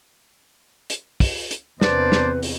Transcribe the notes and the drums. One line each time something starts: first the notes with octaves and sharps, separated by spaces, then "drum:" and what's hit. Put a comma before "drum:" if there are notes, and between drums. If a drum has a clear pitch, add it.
drum: hi-hat
drum: kick, open hi-hat
drum: hi-hat
E2 C3 A#3 D4 B4 C5 D5, drum: snare
drum: snare
drum: open hi-hat